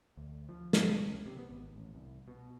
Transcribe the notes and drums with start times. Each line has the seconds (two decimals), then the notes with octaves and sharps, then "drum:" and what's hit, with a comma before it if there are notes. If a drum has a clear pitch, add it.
0.17 D2
0.49 F3
0.73 drum: snare
0.82 F1
1.08 C#2
1.26 C3
1.39 B3
1.51 G#1
1.76 A1
1.95 C2
2.28 B2